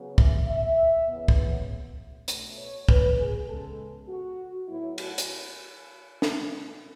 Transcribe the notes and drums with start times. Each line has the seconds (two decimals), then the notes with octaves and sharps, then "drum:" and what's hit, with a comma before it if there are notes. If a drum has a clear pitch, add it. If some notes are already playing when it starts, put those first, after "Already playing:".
Already playing: C#3 F#3 B3
0.18 E5, drum: kick
0.48 E5
1.08 C#3 E3 B3
1.28 drum: kick
1.38 F#5
2.28 B2 A3, drum: hi-hat
2.58 C#5
2.89 B4, drum: kick
3.18 G#4
3.48 C#3 G#3 B3 A4
4.09 F#4
4.68 A2 F#3 B3 E4
4.98 F#4, drum: cymbal
5.18 drum: hi-hat
6.22 drum: snare